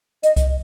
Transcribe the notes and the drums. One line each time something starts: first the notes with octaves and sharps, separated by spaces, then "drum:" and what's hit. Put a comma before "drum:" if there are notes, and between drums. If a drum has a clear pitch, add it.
D#5, drum: hi-hat
drum: kick C2, hi-hat